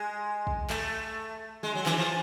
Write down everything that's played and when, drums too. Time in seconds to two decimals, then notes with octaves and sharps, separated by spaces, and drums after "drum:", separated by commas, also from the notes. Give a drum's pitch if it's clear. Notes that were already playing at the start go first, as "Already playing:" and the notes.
Already playing: G#3
0.47 drum: kick
0.70 A3, drum: clap
1.63 G#3
1.75 F#3
1.86 E3, drum: clap
1.98 F3